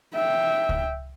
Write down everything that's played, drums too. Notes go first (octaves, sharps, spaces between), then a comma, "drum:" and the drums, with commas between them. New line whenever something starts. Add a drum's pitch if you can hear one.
E5 G5
drum: kick C#2